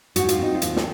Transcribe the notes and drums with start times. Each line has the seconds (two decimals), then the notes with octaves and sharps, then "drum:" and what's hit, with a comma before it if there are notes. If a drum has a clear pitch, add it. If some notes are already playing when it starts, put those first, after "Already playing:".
0.16 G#2 F#4, drum: hi-hat
0.29 F4, drum: hi-hat
0.39 C4 D#4
0.55 F4
0.62 D#2, drum: hi-hat
0.76 drum: snare